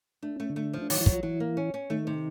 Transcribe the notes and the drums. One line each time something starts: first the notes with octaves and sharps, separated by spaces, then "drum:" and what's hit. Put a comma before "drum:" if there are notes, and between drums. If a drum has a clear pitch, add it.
A3 D4
A3 C#4
D3 D4
A3
F3
D4
D#3 F#3 D#4, drum: open hi-hat
E3 E4
F#3, drum: kick
F3 F4
E3 F#3 E4
A#3
C#4
C#4
D#3 A3 D#4
C3